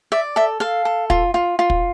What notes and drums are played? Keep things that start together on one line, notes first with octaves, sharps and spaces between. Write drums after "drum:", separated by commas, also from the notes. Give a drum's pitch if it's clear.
D5 E5
A4 E5
A4 F5
A4
F4, drum: kick
F4
F4
drum: kick